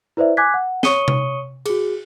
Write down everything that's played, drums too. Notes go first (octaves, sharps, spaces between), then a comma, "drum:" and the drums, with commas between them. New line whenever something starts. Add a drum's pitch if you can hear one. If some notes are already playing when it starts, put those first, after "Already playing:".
E4 B4 C5 D5 E5
G#5 D6 F#6 G#6 B6
F#5
C#5 C#6 D#6 C#7 D#7 G7, drum: snare
drum: tom C3
F#4 G#4, drum: cymbal